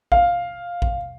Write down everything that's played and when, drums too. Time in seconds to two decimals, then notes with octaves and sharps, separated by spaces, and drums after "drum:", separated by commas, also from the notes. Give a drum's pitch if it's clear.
0.12 F5, drum: kick A1
0.82 drum: kick A1